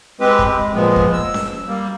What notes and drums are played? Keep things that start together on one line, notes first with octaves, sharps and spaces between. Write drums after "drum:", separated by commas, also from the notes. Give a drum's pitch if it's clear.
G#3 C4 G4 B4
drum: kick
G#3
A#2 F3 G#3 B3
drum: kick
E6
drum: snare C#4
G3 A#3